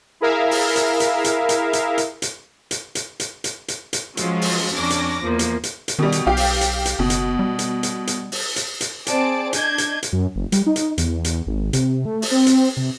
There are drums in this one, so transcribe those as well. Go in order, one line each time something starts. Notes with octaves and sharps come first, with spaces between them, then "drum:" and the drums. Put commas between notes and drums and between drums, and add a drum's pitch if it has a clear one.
E4 G#4 A#4 E5 F5
drum: open hi-hat
drum: hi-hat
drum: hi-hat
drum: hi-hat
drum: hi-hat
drum: hi-hat
drum: hi-hat
drum: hi-hat
drum: hi-hat
drum: hi-hat
drum: hi-hat
drum: hi-hat
drum: hi-hat
drum: hi-hat
F3 F#3 G#3 C#4 F4, drum: hi-hat
drum: open hi-hat
F2 C#4 D4 D6 A#6
drum: hi-hat
E2 F3 A#3
drum: hi-hat
drum: hi-hat
drum: hi-hat
B2 D#3 G3
drum: hi-hat
B1 G4 F5
drum: open hi-hat
drum: hi-hat
drum: hi-hat
F#1 B2
drum: hi-hat
G3
drum: hi-hat
drum: hi-hat
drum: hi-hat
drum: open hi-hat
drum: hi-hat
drum: hi-hat
C4 G#4 D5 A5 D7, drum: hi-hat
D4 D#5 G6 G#6, drum: hi-hat
drum: hi-hat
drum: hi-hat
F#2
F#1
G3, drum: hi-hat
D#4
drum: hi-hat
E2, drum: hi-hat
drum: hi-hat
G#1
C3, drum: hi-hat
A3
drum: open hi-hat
C4
drum: hi-hat
C3